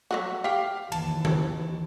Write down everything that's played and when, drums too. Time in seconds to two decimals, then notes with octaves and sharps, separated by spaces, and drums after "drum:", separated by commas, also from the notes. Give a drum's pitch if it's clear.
0.11 F#3 A3 F#4
0.44 G4 F5 G5
0.92 D#2 E3 A5, drum: cymbal
1.25 drum: tom D#3